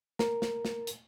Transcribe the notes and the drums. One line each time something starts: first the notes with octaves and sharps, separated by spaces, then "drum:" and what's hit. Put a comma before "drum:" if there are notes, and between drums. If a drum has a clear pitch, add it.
A#4, drum: snare
drum: snare
drum: snare
drum: hi-hat